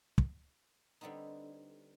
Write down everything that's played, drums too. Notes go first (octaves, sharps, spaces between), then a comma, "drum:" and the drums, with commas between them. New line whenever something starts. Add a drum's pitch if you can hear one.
drum: kick
D3 G3 B3 C4 D#4